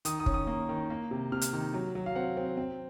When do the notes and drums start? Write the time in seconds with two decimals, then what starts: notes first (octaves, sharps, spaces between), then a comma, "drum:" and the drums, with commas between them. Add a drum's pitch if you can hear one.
0.05 D#3 D#6, drum: hi-hat
0.20 D#6
0.26 C#4, drum: kick
0.34 D#6
0.47 A#3
0.69 D#3
0.90 A#3
1.11 C3
1.32 C3 F6
1.42 drum: hi-hat
1.53 D#3
1.74 F#3
1.95 F#3
2.06 F5
2.15 C4 F#5
2.37 C4
2.57 C4